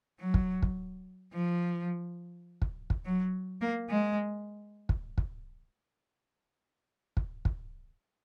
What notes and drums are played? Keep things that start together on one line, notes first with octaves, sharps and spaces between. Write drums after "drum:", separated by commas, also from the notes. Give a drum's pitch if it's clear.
F#3
drum: kick
drum: kick
F3
drum: kick
drum: kick
F#3
A#3
G#3
drum: kick
drum: kick
drum: kick
drum: kick